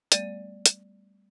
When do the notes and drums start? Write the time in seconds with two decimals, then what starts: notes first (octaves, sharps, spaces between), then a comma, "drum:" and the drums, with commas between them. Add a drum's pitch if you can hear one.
0.12 G3 A3 B3 D5 D#7, drum: hi-hat
0.66 drum: hi-hat